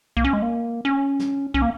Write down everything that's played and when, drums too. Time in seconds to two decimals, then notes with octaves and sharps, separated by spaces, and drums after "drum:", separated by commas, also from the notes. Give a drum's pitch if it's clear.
0.17 A#3, drum: kick C2
0.24 C#4
0.33 G#3
0.42 A#3
0.85 C#4
1.19 drum: snare
1.54 C#4, drum: kick C2
1.62 A#3